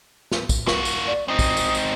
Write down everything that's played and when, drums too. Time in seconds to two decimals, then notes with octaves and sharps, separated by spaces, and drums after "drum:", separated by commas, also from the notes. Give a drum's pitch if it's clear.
0.31 drum: snare
0.49 drum: kick, tambourine
0.67 A#3 F#4, drum: snare
0.85 drum: tambourine
1.07 D5
1.28 C4 D#4 D#6
1.39 drum: kick, tambourine
1.57 drum: tambourine
1.75 drum: tambourine